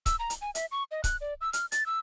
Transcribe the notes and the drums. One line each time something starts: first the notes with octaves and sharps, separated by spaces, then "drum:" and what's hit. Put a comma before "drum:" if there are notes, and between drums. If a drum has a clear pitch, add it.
E6, drum: kick C#1, hi-hat
A#5
drum: hi-hat
G#5
E5, drum: hi-hat
C#6
D#5
F#6, drum: kick C#1, hi-hat
D5
E6
F6, drum: hi-hat
A6, drum: hi-hat
E6